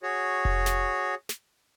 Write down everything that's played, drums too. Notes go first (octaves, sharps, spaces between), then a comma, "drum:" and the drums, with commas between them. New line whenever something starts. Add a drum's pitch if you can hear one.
F#4 G#4 C#5
drum: kick F1
drum: snare
drum: snare